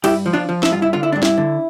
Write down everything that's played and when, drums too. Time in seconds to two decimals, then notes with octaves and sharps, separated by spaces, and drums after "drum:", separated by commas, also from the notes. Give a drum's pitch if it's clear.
0.04 G2 E4 G4, drum: cymbal
0.26 F3
0.33 D4 F4
0.49 F3
0.63 E4, drum: snare
0.71 G2 F4
0.82 E4
0.93 D3 F4
1.03 E4
1.12 G2 D4
1.23 E4, drum: snare
1.38 D3